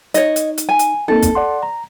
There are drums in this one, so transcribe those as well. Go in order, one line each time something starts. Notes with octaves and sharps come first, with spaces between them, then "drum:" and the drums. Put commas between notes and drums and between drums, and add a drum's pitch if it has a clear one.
D#4 C#5 D#5, drum: hi-hat
drum: hi-hat
drum: hi-hat
G#5
drum: hi-hat
A#3 C4 D#4 A4
drum: kick, hi-hat
D5 F#5 C6
A#5